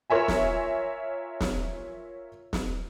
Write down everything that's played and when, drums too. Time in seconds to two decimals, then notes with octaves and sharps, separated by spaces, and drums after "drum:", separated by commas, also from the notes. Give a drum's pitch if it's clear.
0.10 F4 A#4 C#5 E5 G#5
0.28 drum: snare
1.41 drum: snare
2.53 drum: snare